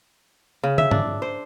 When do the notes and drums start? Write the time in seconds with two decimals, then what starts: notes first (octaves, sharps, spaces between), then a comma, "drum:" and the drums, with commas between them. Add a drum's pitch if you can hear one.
0.64 C#3
0.78 E5, drum: tom
0.91 D4, drum: tom
1.22 C5